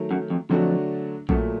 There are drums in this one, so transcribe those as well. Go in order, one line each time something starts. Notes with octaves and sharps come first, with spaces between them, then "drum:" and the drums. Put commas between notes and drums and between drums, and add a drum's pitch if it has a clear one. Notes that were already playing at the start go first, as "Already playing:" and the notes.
Already playing: D#3 F#3 A3
F#2
F2
F2 D3 F#3 A3 D4 F#4
F#2 A#2 F#3 A3, drum: kick A#1